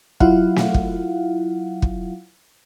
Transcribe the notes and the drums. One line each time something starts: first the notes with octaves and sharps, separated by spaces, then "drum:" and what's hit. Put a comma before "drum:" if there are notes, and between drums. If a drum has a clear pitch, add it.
F#3 E4 F4 F5 F#5, drum: kick
drum: snare
drum: kick
drum: kick